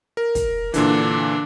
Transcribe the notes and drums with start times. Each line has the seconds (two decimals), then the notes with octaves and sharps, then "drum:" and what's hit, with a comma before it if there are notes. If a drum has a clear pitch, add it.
0.17 A#4
0.35 drum: kick, hi-hat
0.74 A#2 D3 E3 D4, drum: hi-hat